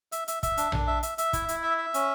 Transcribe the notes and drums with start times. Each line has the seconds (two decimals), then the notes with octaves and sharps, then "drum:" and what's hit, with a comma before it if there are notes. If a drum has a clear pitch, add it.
0.12 E5, drum: hi-hat
0.28 E5, drum: hi-hat
0.43 E5, drum: kick, hi-hat
0.57 D4, drum: hi-hat
0.72 D4, drum: tom A#1
0.87 E5
1.03 E5, drum: hi-hat
1.18 E5, drum: hi-hat
1.33 E4, drum: kick, hi-hat
1.49 E4, drum: hi-hat
1.63 E5
1.78 E5
1.94 C#4, drum: hi-hat